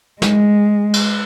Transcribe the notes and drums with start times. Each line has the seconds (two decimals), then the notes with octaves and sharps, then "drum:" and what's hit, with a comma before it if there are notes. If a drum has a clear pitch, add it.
0.22 G#3, drum: snare
0.94 drum: cymbal